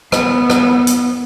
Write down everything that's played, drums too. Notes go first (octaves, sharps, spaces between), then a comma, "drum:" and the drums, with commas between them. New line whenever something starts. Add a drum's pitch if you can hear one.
B3, drum: rim click
drum: rim click
drum: hi-hat